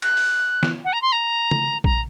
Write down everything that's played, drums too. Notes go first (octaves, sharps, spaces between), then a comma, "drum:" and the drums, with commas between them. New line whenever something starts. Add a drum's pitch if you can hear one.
F#6, drum: cymbal
drum: open hi-hat
drum: snare
F#5
A#5
C6
A#5
drum: tom C#3
A#5, drum: kick A#1